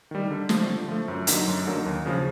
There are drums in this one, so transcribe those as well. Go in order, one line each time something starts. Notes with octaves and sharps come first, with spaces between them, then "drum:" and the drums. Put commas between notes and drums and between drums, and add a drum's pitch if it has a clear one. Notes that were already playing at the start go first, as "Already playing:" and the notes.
D#3 G3
D3
F3 A3, drum: snare
D3
F3 A3
F#2
D3 F#3 A#3 D#4, drum: hi-hat
F#2
D3 F#3 A#3 D#4
D#2
C#3 F3